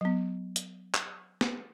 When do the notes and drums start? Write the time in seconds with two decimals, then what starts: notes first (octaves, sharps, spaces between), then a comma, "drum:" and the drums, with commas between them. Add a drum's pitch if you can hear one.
0.01 F#3 B3
0.56 drum: hi-hat
0.94 drum: clap
1.41 drum: snare